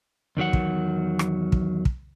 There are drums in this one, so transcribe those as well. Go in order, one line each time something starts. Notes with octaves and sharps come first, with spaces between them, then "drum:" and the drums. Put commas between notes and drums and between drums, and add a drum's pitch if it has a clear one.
E2 D#3 F#3 F#5
drum: kick
drum: rim click
drum: kick
drum: kick